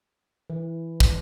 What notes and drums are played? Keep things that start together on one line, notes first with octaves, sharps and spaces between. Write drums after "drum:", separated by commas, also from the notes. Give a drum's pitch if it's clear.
E3
drum: kick